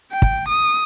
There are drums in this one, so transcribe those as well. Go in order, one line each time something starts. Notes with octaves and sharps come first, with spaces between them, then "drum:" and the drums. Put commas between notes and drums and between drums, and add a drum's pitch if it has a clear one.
G5
drum: kick
D#6